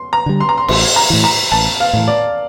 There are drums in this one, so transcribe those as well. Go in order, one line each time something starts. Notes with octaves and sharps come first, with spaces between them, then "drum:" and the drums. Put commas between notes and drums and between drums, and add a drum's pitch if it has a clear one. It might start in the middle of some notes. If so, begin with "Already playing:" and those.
Already playing: C6
A#5
D3 G3
C6
A#5
C6
A1 C6, drum: cymbal
A#5
A2 E3
A#5
A1 A5
F5
A2 E3
D5